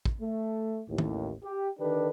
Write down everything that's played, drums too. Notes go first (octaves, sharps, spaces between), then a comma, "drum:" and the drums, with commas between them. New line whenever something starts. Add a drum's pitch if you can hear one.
drum: kick
A3
A1 D#2 A2
drum: tom
G4
D3 D#3 D4 G4 A4 B4